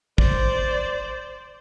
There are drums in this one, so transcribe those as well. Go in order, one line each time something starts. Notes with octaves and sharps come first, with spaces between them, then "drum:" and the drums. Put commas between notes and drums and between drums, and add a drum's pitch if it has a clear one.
C5 D5, drum: kick